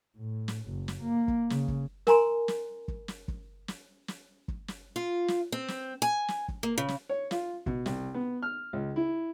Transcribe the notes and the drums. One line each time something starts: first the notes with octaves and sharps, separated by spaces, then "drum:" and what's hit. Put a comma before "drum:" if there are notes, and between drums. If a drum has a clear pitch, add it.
A2
drum: snare
F#1
drum: snare
A#3
drum: kick
C#3, drum: snare
drum: kick
A#4 G#5 A#5 C6, drum: snare
drum: snare
drum: kick
drum: snare
drum: kick
drum: snare
drum: snare
drum: kick
drum: snare
F4
drum: snare
C4
drum: snare
G#5
drum: snare
drum: kick
A#3
C#3
drum: snare
C#5
F4, drum: snare
B2, drum: kick
C2, drum: snare
B3
F6
C#2
E4